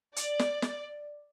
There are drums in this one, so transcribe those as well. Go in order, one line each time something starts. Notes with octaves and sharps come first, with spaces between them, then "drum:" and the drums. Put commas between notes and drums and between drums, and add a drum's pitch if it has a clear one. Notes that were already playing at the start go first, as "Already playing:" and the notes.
D5, drum: hi-hat
drum: snare
drum: snare